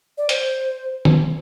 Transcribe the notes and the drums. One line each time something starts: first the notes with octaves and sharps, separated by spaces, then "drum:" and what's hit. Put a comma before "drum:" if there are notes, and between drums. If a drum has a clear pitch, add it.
D5
C5, drum: hi-hat
drum: tom